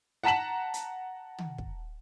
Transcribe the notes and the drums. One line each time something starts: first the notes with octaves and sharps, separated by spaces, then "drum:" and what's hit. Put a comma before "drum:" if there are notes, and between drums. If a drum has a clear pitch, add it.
F#5 A5 A#5 B6 E7 F#7
drum: hi-hat
drum: tom
drum: kick